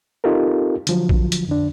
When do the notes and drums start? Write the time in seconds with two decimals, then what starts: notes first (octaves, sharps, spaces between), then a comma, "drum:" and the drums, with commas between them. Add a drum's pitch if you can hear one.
0.24 C4 D#4 F4 G4 A4 A#4
0.87 D3 F3 F#3, drum: hi-hat
1.09 drum: kick
1.32 drum: hi-hat
1.47 F2 D3 D4